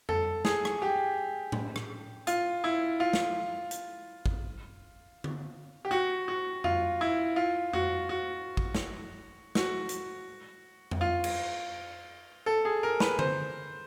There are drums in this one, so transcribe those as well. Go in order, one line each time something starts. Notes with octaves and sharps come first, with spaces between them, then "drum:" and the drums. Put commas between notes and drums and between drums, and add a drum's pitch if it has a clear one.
A4, drum: tom F2
G#4, drum: snare
drum: rim click
G4
drum: tom A2
drum: rim click
F4, drum: hi-hat
E4
F4
drum: snare
drum: hi-hat
drum: kick
drum: tom D3
G4
F#4
F#4
F4, drum: tom F2
E4
F4
F#4, drum: tom F2
F#4
drum: kick
drum: snare
F#4, drum: snare
drum: hi-hat
drum: tom F2
F4
drum: cymbal
A4
G#4
A#4
B4, drum: snare
C5, drum: tom D3